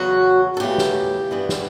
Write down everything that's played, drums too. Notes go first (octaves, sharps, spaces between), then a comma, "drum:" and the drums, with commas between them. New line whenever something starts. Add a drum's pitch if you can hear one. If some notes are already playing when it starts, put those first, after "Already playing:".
Already playing: E2 C#3 F#3 F#4
A4
E2 C#3 E3 A3 G4
drum: snare
G2 E3 B3
drum: snare